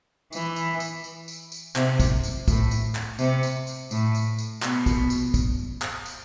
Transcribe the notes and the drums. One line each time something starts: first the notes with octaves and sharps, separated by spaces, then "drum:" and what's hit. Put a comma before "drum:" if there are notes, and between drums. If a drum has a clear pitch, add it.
E3, drum: tambourine
drum: tambourine
drum: tambourine
drum: tambourine
drum: tambourine
drum: tambourine
C3, drum: clap
drum: kick, tambourine
drum: tambourine
A2, drum: kick, tambourine
drum: tambourine
drum: clap
C3, drum: tambourine
drum: tambourine
drum: tambourine
A2, drum: tambourine
drum: tambourine
drum: tambourine
B2, drum: clap
drum: kick, tambourine
drum: tambourine
drum: kick, tambourine
drum: clap
drum: tambourine